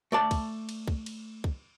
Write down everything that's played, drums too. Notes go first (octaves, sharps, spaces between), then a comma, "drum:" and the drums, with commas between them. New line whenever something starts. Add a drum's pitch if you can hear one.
A3 D5 A5
drum: kick, cymbal
drum: cymbal
drum: kick
drum: cymbal
drum: kick